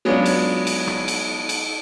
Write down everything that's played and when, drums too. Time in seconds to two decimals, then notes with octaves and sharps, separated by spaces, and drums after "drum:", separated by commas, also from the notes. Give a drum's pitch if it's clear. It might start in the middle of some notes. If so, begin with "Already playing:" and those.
0.05 F#3 G#3 B3 C#4 D4 F4
0.26 drum: cymbal
0.67 drum: cymbal
0.87 drum: rim click
1.08 drum: cymbal
1.49 drum: cymbal